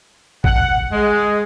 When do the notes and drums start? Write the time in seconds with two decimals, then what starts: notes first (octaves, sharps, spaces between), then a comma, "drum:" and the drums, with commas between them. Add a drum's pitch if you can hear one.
0.44 F#5, drum: kick A1
0.92 G#3